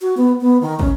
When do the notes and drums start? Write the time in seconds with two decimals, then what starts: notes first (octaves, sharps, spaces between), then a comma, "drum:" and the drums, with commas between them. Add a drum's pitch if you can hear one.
0.01 F#4
0.17 B3
0.41 B3
0.61 D#3
0.79 C#4, drum: kick